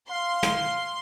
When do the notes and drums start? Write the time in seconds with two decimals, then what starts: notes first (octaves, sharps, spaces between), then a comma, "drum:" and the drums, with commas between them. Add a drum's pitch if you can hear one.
0.10 F5 C6
0.43 drum: snare